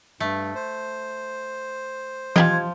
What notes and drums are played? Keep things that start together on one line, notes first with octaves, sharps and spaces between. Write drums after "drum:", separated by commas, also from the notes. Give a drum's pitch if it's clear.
G2 A3
C5
F3 F4 G4 D#5 G#6, drum: tom E3